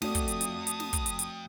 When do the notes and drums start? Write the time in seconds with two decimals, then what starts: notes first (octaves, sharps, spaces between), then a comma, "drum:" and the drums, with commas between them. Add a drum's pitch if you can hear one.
0.02 F2 A3 F#4 D5 D#6, drum: snare
0.15 drum: kick, hi-hat
0.28 drum: hi-hat
0.41 drum: hi-hat
0.67 drum: hi-hat
0.80 drum: snare
0.93 drum: kick, hi-hat
1.06 drum: hi-hat
1.19 drum: hi-hat